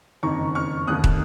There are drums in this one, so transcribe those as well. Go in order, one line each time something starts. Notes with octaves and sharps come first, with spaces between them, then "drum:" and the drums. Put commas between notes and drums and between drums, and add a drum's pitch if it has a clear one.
F#1 F2 D#3 A#5 C#6
C#6 F6
F1 D#2 D#3 D#6 F#6
drum: kick